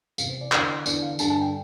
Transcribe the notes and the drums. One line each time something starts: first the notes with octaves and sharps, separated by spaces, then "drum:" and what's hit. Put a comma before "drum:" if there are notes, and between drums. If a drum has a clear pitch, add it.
E2 C3 E3 F5, drum: tambourine
C5
D5
E2 D3, drum: clap
E2 D3 D5, drum: tambourine
F5
G2 D3 A5, drum: tambourine
A5
G5